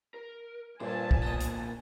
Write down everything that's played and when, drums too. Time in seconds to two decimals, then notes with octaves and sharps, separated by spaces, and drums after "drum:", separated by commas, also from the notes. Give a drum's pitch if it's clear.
0.14 A#4
0.81 G2 A#2 A#3 C5 G#5 A5
1.11 drum: kick
1.22 D3 F3 B3 D#5
1.40 drum: hi-hat